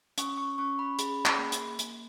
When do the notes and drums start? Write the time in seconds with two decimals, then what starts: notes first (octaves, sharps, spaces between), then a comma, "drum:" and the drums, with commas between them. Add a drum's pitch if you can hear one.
0.18 C#4 C#6, drum: hi-hat
0.38 C#6
0.58 C#4 C#6
0.79 B5
0.99 G#4 B5, drum: hi-hat
1.25 drum: clap
1.39 A#3
1.52 drum: hi-hat
1.79 drum: hi-hat